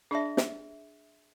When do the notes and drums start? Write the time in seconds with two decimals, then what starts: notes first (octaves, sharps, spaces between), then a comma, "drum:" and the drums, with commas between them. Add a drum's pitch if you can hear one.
0.11 D4 G#4 D5 E5 A5
0.37 drum: snare